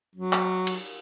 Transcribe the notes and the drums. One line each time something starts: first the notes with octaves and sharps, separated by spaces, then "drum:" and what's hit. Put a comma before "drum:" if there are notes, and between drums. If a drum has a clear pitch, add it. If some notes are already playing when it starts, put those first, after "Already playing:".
F#3
drum: clap
drum: cymbal